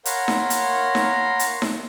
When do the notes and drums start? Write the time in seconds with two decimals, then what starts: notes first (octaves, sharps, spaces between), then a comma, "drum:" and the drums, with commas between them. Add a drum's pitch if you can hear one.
0.05 A#4 C#5 F5 F#5 B5 C6, drum: hi-hat
0.28 drum: snare D#4
0.50 drum: hi-hat
0.95 drum: snare D#4
1.39 drum: hi-hat
1.62 drum: snare D#4